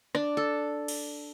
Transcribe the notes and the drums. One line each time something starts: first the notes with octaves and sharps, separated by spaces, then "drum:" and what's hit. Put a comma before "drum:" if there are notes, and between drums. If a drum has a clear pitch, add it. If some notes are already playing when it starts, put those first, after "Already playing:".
D4, drum: rim click
A4
drum: cymbal